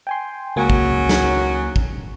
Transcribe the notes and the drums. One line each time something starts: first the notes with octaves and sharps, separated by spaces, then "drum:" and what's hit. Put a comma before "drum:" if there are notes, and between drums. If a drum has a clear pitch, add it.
G5 G#5 C6
C#2 C#3 F#3 A#3 G#5
drum: kick
drum: snare
drum: kick